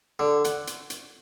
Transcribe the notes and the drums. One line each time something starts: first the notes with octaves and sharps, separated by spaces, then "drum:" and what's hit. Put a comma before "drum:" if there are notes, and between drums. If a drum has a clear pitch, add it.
D3
F#5, drum: hi-hat
drum: hi-hat
drum: hi-hat